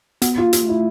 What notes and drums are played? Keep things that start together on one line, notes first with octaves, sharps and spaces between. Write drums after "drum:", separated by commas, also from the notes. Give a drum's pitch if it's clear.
B3 F#4, drum: hi-hat
F4
A#3
F4, drum: hi-hat
A3
E4